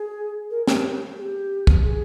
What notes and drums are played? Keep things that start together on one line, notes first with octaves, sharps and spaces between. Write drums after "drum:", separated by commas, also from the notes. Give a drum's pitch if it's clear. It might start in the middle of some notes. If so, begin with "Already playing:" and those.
Already playing: G#4
A#4
G4, drum: snare
G#4
G4
drum: kick
G#4